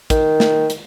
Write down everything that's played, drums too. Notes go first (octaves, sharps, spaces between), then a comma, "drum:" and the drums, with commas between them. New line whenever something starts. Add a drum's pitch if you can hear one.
D#3, drum: kick, hi-hat
drum: snare
drum: hi-hat